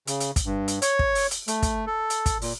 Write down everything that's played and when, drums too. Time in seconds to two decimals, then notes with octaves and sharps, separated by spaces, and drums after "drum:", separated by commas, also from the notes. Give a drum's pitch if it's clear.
0.07 C#3, drum: hi-hat
0.20 drum: hi-hat
0.36 drum: kick, hi-hat
0.46 G2
0.68 drum: hi-hat
0.82 C#5, drum: hi-hat
0.99 drum: kick
1.15 drum: open hi-hat
1.31 drum: hi-hat
1.48 A3, drum: hi-hat
1.62 drum: kick, hi-hat
1.87 A4
2.10 drum: hi-hat
2.26 drum: kick, hi-hat
2.42 A#2, drum: open hi-hat